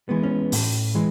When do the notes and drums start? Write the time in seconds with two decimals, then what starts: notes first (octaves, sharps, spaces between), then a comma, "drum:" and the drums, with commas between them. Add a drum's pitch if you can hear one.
0.09 E3 G#3 B3
0.23 C#4
0.52 A2, drum: open hi-hat
0.95 E3 G#3